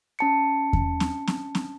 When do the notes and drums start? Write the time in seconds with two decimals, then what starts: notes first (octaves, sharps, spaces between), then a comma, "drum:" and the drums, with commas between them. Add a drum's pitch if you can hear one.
0.19 C#4 A5 C#7
0.73 drum: kick E2
1.00 drum: snare C4
1.27 drum: snare C4
1.55 drum: snare C4